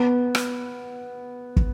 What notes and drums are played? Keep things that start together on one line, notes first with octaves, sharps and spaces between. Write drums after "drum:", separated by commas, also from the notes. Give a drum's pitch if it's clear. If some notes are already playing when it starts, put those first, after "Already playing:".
Already playing: B3
drum: rim click
drum: kick